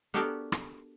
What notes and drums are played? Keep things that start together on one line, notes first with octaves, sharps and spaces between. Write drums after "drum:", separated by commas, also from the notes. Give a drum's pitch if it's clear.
B3 D4 F#4 G4 A4 A#4
drum: rim click